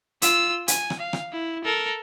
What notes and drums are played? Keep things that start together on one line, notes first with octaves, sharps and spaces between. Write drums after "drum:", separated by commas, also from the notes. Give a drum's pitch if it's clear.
F4 E6, drum: hi-hat
G#5, drum: hi-hat
drum: rim click
F5
drum: rim click
E4
A4 A#4